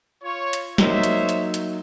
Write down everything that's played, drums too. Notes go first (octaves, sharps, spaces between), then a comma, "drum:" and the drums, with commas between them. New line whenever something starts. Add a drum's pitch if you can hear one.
F4 C#5
drum: hi-hat
F#3 A#3 D#4 C5 C#5 E5, drum: snare
drum: hi-hat
drum: hi-hat
drum: hi-hat